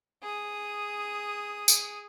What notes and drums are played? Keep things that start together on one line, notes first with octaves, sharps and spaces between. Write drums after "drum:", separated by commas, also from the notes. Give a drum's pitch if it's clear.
G#4 D#6
drum: tambourine